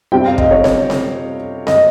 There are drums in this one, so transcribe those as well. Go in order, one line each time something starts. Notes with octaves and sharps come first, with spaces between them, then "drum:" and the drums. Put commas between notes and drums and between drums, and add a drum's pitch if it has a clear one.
C3 G3 C4 G5
F5
D#5, drum: kick
C#5
C#5, drum: snare C4
drum: snare C4
D#5, drum: snare C4